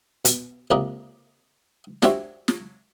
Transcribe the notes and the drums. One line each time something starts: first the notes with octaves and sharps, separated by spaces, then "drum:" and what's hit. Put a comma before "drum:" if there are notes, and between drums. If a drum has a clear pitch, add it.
B2, drum: hi-hat
C#2 C3 A#3 A#4 D5 D#5
D4 F#4 G4 C5 C#5 E5, drum: snare
drum: snare